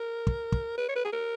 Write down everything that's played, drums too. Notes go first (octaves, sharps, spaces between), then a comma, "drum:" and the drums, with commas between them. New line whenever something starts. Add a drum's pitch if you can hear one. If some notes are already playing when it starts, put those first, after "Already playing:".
Already playing: A#4
drum: kick
drum: kick
B4
C#5
B4
G#4
A#4